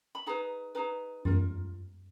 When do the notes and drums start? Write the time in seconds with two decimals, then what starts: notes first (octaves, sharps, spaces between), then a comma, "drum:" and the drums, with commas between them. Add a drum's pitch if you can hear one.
0.15 B5
0.26 D#4 G#4 B4 A#5
0.75 D#4 G#4 B4 A#5
1.25 F4 A#4, drum: tom F#2